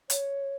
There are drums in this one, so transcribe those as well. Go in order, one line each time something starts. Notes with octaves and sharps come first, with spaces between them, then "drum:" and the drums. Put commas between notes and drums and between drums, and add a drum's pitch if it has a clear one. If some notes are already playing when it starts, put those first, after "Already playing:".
C#5, drum: hi-hat